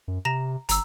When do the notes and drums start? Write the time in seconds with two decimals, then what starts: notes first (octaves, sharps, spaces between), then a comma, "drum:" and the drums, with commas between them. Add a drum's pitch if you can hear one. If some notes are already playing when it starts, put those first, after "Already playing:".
0.08 F#2
0.25 C3 A#5 A#6 E7
0.69 G1 A#5 E6, drum: hi-hat